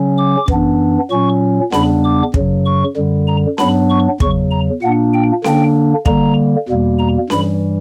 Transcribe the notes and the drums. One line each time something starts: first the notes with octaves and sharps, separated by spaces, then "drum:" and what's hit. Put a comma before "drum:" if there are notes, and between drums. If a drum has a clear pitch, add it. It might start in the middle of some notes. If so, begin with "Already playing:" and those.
Already playing: C#3 F#3 C#4
D6
F#2 E3 B3 D4, drum: kick
A#2 F#3 C#4 C#6
E2 C#3 G3 B3 D4 B5, drum: snare C#4
D6
F#2 C#3 F#3, drum: kick
C#6
F#2 D3 G3
A#5
G2 F#3 B3 D4 B5, drum: snare C#4
C#6
E2 C#3 F#3 C#6, drum: kick
A#5
A#2 A#3 D4 F#5
G5
D3 A#3 D4 G5, drum: snare C#4
D3 G3 A#3 A#5, drum: kick
E2 B2 G3 A#3
A#5
G2 E3 G3 B5, drum: snare C#4